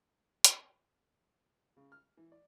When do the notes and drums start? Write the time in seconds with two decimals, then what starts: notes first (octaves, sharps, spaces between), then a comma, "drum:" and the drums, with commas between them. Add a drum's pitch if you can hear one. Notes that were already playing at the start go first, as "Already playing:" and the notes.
0.44 drum: hi-hat
1.77 C#3
1.92 F6
2.17 E3
2.32 D5